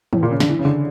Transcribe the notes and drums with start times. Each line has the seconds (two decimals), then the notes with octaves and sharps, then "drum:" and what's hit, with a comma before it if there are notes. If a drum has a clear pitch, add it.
0.13 A2, drum: tom D#3
0.23 A#2
0.31 C#3
0.40 D3, drum: snare
0.50 E3
0.59 C#3
0.65 D3